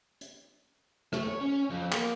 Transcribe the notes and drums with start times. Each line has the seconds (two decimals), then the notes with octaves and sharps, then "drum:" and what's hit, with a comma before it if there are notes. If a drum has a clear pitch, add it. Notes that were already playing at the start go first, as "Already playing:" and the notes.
0.21 drum: hi-hat
1.13 A3, drum: rim click
1.28 C#5
1.41 C#4
1.70 F2
1.92 A#3, drum: clap